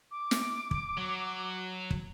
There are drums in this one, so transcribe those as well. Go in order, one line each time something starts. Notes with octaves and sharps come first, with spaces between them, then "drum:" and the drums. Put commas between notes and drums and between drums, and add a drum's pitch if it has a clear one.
D6
drum: snare
drum: kick
F#3
drum: kick